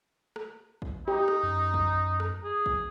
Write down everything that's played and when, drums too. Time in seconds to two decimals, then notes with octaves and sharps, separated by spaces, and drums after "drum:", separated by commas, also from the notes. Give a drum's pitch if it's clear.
0.36 drum: rim click
0.82 drum: kick
1.08 D#4 G4
1.28 drum: rim click
1.43 F#2
1.74 drum: kick
2.20 drum: rim click
2.44 G#4
2.66 drum: kick